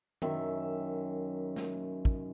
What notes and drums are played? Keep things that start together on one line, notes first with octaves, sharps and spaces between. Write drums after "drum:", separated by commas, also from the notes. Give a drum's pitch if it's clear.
F#2 D#3 E5, drum: tom D#3
drum: snare
drum: kick